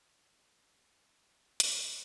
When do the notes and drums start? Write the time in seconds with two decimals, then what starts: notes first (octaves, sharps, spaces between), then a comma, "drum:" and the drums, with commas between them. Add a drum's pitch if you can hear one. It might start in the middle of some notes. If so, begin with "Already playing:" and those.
0.98 G3 G#3 C#4 D#4
1.15 A4 D5
1.27 A#2 B5
1.44 C2 F#4 G#4 D6 F6
1.60 C3 F#3 B3 C4, drum: hi-hat
1.79 A1 D2 A#2 B5 C6 G6